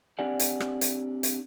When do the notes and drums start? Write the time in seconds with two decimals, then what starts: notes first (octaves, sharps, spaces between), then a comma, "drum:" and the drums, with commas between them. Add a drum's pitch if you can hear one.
0.19 C4 D4 G4 D5 F#5 G#5
0.39 drum: hi-hat
0.60 drum: rim click
0.81 drum: hi-hat
1.23 drum: hi-hat